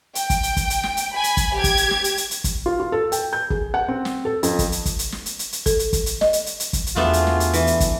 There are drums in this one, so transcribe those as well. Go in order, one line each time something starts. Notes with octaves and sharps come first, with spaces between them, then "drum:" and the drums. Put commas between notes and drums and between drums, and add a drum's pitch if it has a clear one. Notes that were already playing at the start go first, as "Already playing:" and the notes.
G5, drum: hi-hat
drum: kick, hi-hat
drum: hi-hat
drum: kick, hi-hat
drum: hi-hat
drum: snare
drum: hi-hat
G#5 B5
drum: hi-hat
drum: kick, hi-hat
G4 G#6
drum: kick, hi-hat
drum: hi-hat
drum: snare
drum: hi-hat
drum: hi-hat
drum: hi-hat
drum: kick, hi-hat
F4
F4
A4
G5, drum: hi-hat
G6
G#4, drum: kick
F#5
C4
drum: snare
A4
F2, drum: hi-hat
drum: kick, hi-hat
drum: hi-hat
drum: kick, hi-hat
drum: hi-hat
drum: snare
drum: hi-hat
drum: hi-hat
drum: hi-hat
A4, drum: kick, hi-hat
drum: hi-hat
drum: kick, hi-hat
drum: hi-hat
D#5, drum: snare
drum: hi-hat
drum: hi-hat
drum: hi-hat
drum: kick, hi-hat
drum: hi-hat
E2 A3 B3 D4 F4 F#4 G#4
drum: hi-hat
drum: snare
drum: hi-hat
E3, drum: hi-hat
drum: hi-hat
drum: kick, hi-hat